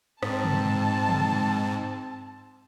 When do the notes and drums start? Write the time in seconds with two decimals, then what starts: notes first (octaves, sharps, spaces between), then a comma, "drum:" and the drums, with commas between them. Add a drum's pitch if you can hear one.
0.23 G#2 C4 A5, drum: rim click
0.44 drum: tom
1.09 drum: tom